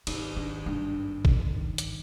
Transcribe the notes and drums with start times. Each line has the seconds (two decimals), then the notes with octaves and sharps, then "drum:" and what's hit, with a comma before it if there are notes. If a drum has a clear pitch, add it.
0.07 G#1 D#4, drum: cymbal
0.37 D#3 D4
0.66 G2 D4
0.96 G#1
1.25 G#1, drum: kick
1.55 D#3
1.78 drum: hi-hat